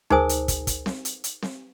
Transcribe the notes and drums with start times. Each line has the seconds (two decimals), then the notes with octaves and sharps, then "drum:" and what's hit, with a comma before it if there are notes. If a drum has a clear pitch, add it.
0.10 D#4 G#4 A#4 C5 G#5 D#6, drum: tom D2
0.29 drum: hi-hat
0.48 drum: kick, hi-hat
0.67 drum: kick, hi-hat
0.86 drum: snare C4
1.05 drum: hi-hat
1.24 drum: hi-hat
1.43 drum: snare C4